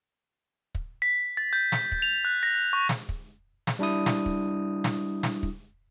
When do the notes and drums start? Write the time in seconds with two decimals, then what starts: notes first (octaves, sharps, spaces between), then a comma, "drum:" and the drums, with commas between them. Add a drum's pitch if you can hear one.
0.75 drum: kick
1.02 B6
1.37 A6
1.53 G6
1.72 drum: snare
1.92 drum: kick
2.02 F7
2.25 F#6
2.43 A#6
2.73 C#6
2.89 drum: snare
3.09 drum: kick
3.67 drum: snare
3.79 G3 D4 E4 D#6
4.06 drum: snare
4.26 drum: kick
4.84 drum: snare
5.23 drum: snare
5.43 drum: kick